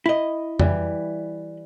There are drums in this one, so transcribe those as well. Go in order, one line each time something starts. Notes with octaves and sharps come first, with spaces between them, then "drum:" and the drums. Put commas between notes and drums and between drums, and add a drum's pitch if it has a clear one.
E4 D#5
E3 G3, drum: tom F2